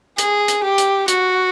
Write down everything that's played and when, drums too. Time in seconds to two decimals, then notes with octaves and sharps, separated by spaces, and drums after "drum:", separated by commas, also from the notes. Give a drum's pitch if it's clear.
0.18 G#4, drum: hi-hat
0.48 drum: hi-hat
0.63 G4
0.78 drum: hi-hat
1.08 F#4, drum: hi-hat